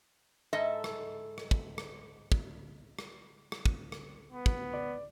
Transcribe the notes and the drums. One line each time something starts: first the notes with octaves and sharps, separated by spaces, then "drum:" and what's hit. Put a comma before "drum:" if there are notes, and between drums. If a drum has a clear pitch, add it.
G#2 A4 D#5 E5
drum: rim click
drum: rim click
drum: kick
drum: rim click
drum: kick
drum: rim click
drum: rim click
drum: kick
drum: rim click
B3
drum: kick
D5